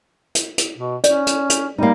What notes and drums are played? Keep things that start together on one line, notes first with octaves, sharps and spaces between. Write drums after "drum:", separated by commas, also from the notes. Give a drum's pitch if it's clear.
drum: hi-hat
drum: hi-hat
B2
C#4 D5, drum: hi-hat
drum: hi-hat
drum: hi-hat
G3 A#3 D#4